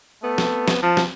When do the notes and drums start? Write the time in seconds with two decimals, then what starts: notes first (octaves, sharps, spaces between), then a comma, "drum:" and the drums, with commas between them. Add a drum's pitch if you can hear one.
0.23 A3 B3
0.38 drum: snare
0.68 drum: snare
0.83 F3 A5
0.97 drum: snare